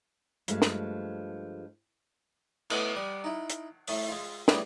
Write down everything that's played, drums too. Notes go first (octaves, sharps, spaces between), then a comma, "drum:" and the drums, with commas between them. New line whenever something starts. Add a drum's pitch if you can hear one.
G2 F3 G#3 A3, drum: hi-hat
drum: snare
A2 B3 A4 B4 D#5 D6, drum: cymbal
G3 D#6
D#4 E4
drum: hi-hat
A2 A3 D#6, drum: open hi-hat
G#3 F4
A2 G3 B3 G#4, drum: snare